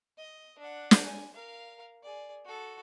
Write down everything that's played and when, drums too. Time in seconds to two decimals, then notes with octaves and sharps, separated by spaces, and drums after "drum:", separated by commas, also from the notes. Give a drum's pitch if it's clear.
0.17 D#5
0.59 D4 F#5
0.91 drum: snare
1.05 G#5
1.34 A#4 F5
2.03 G#4 D5
2.45 F#4 A4